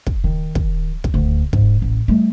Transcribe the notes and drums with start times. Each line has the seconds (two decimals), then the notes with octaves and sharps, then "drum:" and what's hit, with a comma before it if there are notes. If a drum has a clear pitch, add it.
0.07 drum: kick
0.24 D#3
0.55 drum: kick
1.04 drum: kick
1.14 D2
1.53 G#2, drum: kick
1.82 A1
2.08 G3 A3